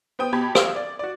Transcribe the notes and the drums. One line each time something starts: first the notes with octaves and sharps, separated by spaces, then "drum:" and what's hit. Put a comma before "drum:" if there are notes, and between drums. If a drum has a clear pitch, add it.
B3 C5 G5 D#6
B2 G4 A5 B5 G#6
C5 F5 E6 F6, drum: rim click
D5
F#4 D5